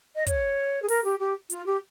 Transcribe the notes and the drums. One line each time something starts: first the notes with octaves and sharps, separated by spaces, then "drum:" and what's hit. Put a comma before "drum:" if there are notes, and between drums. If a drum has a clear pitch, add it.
D#5
C#5, drum: kick, hi-hat
G#4
A#4, drum: open hi-hat
G4
G4
F4, drum: hi-hat
G4